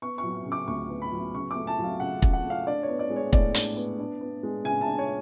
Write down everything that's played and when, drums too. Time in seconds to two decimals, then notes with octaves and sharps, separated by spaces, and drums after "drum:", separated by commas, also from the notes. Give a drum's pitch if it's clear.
0.02 B3 C#6
0.18 C#6
0.24 F#3
0.45 C#3
0.52 D6
0.67 D2 C#6
0.89 B3
1.02 B5
1.12 F#3
1.34 C#3 C#6
1.51 D6
1.56 A3
1.67 A5
1.79 F#3
1.84 F5
2.00 C#3 F#5
2.22 C#3, drum: kick
2.33 F#5
2.44 A3
2.50 F5
2.67 D4 D5
2.83 C#5
2.89 B3
2.99 D5
3.10 G#3
3.16 C#5
3.33 A2 D5, drum: kick
3.54 D4, drum: hi-hat
3.77 B3
3.99 D4
4.21 B3
4.43 G#3
4.64 C#3 G#5
4.81 A5
4.86 D4
4.99 C#5